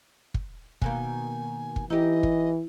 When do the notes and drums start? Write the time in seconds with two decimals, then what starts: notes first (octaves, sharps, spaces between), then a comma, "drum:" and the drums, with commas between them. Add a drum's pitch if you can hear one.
0.34 drum: kick
0.82 B2 D#3 A#3 G#5, drum: kick
1.76 drum: kick
1.90 E3 D#4 E4 G4 D#5
2.23 drum: kick